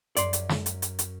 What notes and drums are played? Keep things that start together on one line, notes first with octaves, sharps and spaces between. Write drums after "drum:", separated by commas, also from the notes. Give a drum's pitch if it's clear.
F#2 D5 C6, drum: hi-hat
drum: hi-hat
drum: snare
drum: hi-hat
drum: hi-hat
drum: hi-hat